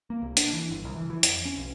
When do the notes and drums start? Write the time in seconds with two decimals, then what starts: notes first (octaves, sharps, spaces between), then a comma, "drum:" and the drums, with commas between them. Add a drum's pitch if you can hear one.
0.10 A#3
0.22 C2
0.37 D4, drum: hi-hat
0.53 E3
0.71 G1
0.85 C2
0.96 E3
1.10 E3
1.23 F2, drum: hi-hat
1.45 C#4
1.57 B1